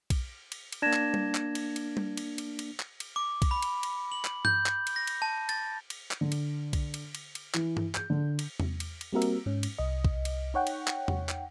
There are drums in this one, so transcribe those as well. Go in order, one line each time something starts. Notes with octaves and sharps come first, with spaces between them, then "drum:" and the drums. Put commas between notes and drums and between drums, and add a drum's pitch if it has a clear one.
drum: kick B1, cymbal
drum: cymbal
drum: cymbal
A#3 D4 G#6 A#6 E7
drum: clap
drum: tom G3
drum: clap
drum: cymbal
drum: cymbal
drum: tom G3
drum: cymbal
drum: cymbal
drum: cymbal
drum: clap
drum: cymbal
D6
drum: kick B1, cymbal
B5
drum: cymbal
drum: cymbal
F#7
drum: clap
G6, drum: tom G2
drum: clap
drum: cymbal
A#6
drum: cymbal
A5
A6, drum: cymbal
drum: cymbal
drum: clap
D3
drum: cymbal
drum: kick B1, cymbal
drum: cymbal
drum: cymbal
drum: cymbal
E3, drum: clap
drum: tom G2
G6, drum: clap
D3
drum: cymbal
drum: tom E2
drum: cymbal
drum: cymbal
G3 A#3 C4 F#4 A#4 E5
drum: cymbal
G#2 C#4
drum: cymbal
C2 D#5
drum: kick B1
drum: cymbal
D#4 C#5 F#5 G5
drum: cymbal
drum: clap
drum: tom E2
drum: clap